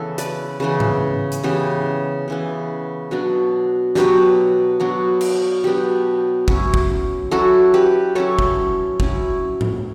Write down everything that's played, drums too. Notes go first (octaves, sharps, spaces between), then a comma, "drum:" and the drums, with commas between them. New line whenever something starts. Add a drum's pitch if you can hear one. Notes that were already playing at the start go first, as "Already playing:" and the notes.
Already playing: C#3 E3 B3 A4
B4 D5, drum: hi-hat
C#3 E3 B3
drum: tom G#2
drum: hi-hat
C#3 E3 B3 G4
C#3 E3 B3
B2 F#3 B3 D4
B2 F#3 B3 D4 G4, drum: snare
B2 F#3 B3 D4
drum: cymbal
B2 F#3 B3 D4 G4
F#3 C#4 E4, drum: kick
drum: kick
F#3 C#4 E4 F#4 A4
G4 B4
F#3 C#4 E4 A4 C#5
drum: kick
F#3 C#4 E4, drum: kick
drum: tom G#2